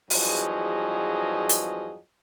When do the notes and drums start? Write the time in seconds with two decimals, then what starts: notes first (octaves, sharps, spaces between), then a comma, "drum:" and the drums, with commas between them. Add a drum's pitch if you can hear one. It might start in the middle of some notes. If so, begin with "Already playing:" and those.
0.10 E2 G2 F3 F#3 G#4 D#5, drum: open hi-hat
1.49 drum: hi-hat